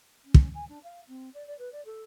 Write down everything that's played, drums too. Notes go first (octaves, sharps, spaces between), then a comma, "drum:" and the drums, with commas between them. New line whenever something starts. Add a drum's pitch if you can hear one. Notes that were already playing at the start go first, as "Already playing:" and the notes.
C#4
drum: kick
G#5
D4
F5
C4
D5
D5
B4
D5
A4